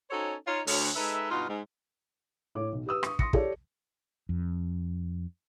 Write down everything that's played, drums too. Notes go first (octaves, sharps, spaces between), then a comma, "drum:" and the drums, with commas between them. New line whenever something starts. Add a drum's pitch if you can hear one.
C#4 D#4 F#4 A4 C5 C#5
D#4 F4 C#5
D2 C#5, drum: open hi-hat
G#3 D#4 A4 B4 E5
G2 B2 D#4 F4
G#2
A2 C#5 D6
B1
G4 B4 D#6 E6
C#6 D#6, drum: rim click
C6 D#6 A#6 C#7, drum: kick
G4 A4 C#5 D5, drum: kick
F2